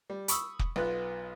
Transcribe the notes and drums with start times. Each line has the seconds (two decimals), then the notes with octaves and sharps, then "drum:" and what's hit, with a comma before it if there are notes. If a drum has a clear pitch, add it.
0.10 G3
0.28 B5 C#6 D#6 E6, drum: hi-hat
0.59 drum: kick
0.76 B1 B3 F4 B4 F#6